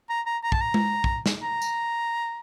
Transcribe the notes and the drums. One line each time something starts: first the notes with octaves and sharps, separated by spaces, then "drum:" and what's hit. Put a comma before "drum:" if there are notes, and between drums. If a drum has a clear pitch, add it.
A#5
A#5
A#5
A5, drum: kick
A#5
drum: tom G#3
drum: kick
drum: snare
A#5
drum: tambourine